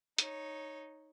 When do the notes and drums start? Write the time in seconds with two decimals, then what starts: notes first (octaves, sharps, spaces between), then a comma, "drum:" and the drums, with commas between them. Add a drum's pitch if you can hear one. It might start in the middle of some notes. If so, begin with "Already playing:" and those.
0.18 D#4 C#5, drum: hi-hat